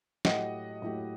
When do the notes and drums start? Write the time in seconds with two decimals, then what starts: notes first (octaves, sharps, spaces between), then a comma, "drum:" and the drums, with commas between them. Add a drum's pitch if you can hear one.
0.25 A2 F#3 A3 E4 G4 D#5 F#5, drum: snare
0.82 A2 F#3 A3 E4 G4